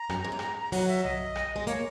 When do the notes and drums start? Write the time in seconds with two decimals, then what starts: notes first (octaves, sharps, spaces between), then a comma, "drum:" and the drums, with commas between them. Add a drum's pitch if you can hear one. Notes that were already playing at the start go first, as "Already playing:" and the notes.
Already playing: A#5
0.10 F#2, drum: rim click
0.25 G#2
0.32 F#2
0.39 G#2, drum: rim click
0.72 F#3 F#5, drum: open hi-hat
0.88 E5
1.04 D#5, drum: tom B1
1.36 drum: rim click
1.56 G#3
1.67 A#3 C#5, drum: hi-hat